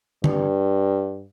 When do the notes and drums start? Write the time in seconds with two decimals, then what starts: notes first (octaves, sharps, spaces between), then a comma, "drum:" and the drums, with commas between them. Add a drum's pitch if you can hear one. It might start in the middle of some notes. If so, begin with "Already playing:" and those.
0.24 G2, drum: tom